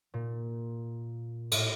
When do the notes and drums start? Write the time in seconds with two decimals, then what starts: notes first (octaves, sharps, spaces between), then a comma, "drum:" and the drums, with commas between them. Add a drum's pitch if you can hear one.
0.14 A#2
1.52 A2, drum: cymbal